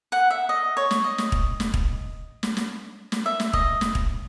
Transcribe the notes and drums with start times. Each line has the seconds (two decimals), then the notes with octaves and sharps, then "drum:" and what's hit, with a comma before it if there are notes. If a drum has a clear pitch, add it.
0.12 F#5
0.30 E5
0.49 D#5
0.77 C#5
0.91 drum: snare
1.04 D#5
1.18 drum: snare
1.32 drum: kick
1.60 drum: snare
1.74 drum: kick
2.43 drum: snare
2.57 drum: snare
3.12 drum: snare
3.26 E5
3.40 drum: snare
3.53 D#5, drum: kick
3.81 drum: snare
3.95 drum: kick